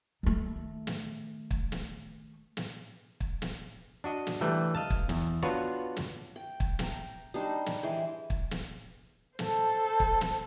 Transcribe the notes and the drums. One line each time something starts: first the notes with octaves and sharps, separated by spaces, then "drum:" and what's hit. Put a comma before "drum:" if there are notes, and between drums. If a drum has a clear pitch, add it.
D#3 A3
drum: snare
drum: kick
drum: snare
drum: snare
drum: kick
drum: snare
D4 F#4 D#5
drum: snare
E3 G3 A3 D4
D#5 F5 A5
drum: kick
E2, drum: snare
B3 D4 F4 F#4 B4 C#5
drum: snare
G5
drum: kick
G5 A#5, drum: snare
G3 D4 D#4 C5
drum: snare
E3 G#3 C5 G5
drum: kick
drum: snare
A4 C5, drum: snare
drum: kick
drum: snare